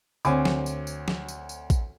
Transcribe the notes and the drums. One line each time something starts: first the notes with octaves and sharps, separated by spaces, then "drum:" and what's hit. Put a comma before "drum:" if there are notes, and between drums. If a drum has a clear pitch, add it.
D2 C4 C#5 G#5 D6, drum: tambourine
drum: snare
drum: tambourine
drum: tambourine
drum: snare
drum: tambourine
drum: tambourine
drum: kick A1, tambourine